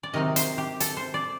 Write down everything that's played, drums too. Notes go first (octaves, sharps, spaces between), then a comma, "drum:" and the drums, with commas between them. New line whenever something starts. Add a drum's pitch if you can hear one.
D5
C3 D#3 F#3 C4 D#4 D#5
C5, drum: hi-hat
G4
A4, drum: hi-hat
C5
D5